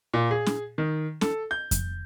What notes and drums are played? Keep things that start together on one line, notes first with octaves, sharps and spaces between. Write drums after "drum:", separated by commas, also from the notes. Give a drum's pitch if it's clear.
A#2
G#4
drum: snare
D#3
A4, drum: snare
G6
drum: kick F2, hi-hat